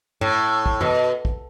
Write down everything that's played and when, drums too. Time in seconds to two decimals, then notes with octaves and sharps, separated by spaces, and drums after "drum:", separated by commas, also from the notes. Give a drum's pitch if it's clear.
0.21 A2, drum: tom G2
0.66 drum: kick
0.81 B2, drum: tom F#2
1.25 drum: kick